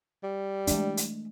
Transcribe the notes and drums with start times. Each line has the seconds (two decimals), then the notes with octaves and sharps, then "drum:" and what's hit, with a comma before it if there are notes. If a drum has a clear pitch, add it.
0.23 G3
0.67 E3 G#3 A3 D4, drum: hi-hat
0.97 drum: hi-hat